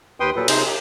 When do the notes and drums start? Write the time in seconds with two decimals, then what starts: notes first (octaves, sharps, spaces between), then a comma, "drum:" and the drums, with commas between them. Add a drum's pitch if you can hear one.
0.20 D#2 B4 G5 C6 D#6
0.36 A#2 F#3 A4 B4
0.48 C3 D#4 G#4 C5, drum: cymbal
0.66 G4